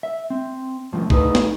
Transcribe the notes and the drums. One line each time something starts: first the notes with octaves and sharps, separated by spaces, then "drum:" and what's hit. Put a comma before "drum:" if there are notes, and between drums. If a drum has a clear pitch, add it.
E5
C4
D#2 A2 F3
A3 D#4 G#4 A4 B4, drum: kick B1
drum: snare